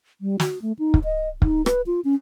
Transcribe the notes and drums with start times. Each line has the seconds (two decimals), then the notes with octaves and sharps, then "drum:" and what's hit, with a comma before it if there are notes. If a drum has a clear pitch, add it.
0.21 G3
0.40 F#4, drum: snare
0.62 A3
0.79 D#4
0.94 drum: kick
1.04 D#5
1.42 D#4, drum: kick
1.66 B4, drum: rim click
1.86 F4
2.04 C#4